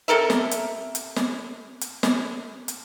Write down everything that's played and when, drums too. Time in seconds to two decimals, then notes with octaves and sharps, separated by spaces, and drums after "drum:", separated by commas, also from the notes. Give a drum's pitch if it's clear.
0.08 C3 A4 A#4 E5
0.30 drum: snare
0.51 drum: hi-hat
0.95 drum: hi-hat
1.16 drum: snare
1.81 drum: hi-hat
2.03 drum: snare
2.68 drum: hi-hat